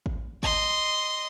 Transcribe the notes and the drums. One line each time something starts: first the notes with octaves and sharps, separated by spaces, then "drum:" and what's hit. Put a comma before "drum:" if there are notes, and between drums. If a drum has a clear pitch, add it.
drum: kick
D#5 C6, drum: kick, tambourine